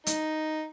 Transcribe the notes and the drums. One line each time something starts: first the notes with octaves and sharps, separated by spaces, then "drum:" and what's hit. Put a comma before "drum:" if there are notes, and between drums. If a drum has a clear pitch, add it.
D#4, drum: hi-hat